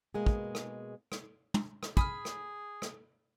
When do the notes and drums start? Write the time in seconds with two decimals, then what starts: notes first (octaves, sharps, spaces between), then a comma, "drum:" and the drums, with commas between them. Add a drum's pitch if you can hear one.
0.14 B2 G#3 A#3 G#4
0.26 drum: kick
0.55 drum: rim click
1.12 drum: rim click
1.54 drum: tom
1.83 drum: rim click
1.97 G#4 G#5 B5 D#6 F6, drum: kick
2.25 drum: rim click
2.82 drum: rim click